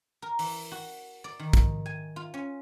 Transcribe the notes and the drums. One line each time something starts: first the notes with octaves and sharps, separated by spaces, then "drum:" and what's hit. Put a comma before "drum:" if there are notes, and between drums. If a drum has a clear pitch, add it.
A#4
E3, drum: open hi-hat
F#4
D5
D#3
drum: kick, hi-hat
G#5
F4
C#4